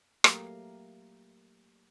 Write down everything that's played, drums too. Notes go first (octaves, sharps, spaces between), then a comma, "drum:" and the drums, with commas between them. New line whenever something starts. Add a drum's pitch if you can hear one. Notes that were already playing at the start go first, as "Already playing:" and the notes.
F#3 A3 A#3 G4 A#4 F5, drum: rim click